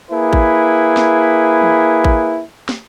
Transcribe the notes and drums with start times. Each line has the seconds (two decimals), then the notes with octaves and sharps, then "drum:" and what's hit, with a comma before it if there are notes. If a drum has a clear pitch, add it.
0.11 A#3 E4 G#4 B4
0.33 drum: kick A1
0.97 drum: snare
1.61 drum: tom
2.04 drum: kick A1
2.69 drum: snare